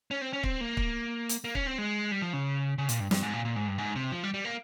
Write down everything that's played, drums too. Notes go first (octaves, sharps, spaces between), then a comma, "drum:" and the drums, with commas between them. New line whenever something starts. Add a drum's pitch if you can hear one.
C#4
C4
C#4
C4, drum: kick
A#3
drum: kick
drum: hi-hat
A#3
C#4, drum: kick
C4
G#3
G3
F3
C#3
C#3
A#2, drum: hi-hat
G2
G2, drum: snare
G#2
A#2
A#2
G#2
G2
G#2
C3
F3
G3
G3
A#3